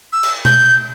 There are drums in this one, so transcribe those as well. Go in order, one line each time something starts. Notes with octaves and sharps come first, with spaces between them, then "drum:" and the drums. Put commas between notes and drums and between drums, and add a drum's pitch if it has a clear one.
E6
drum: cymbal
G6, drum: tom B2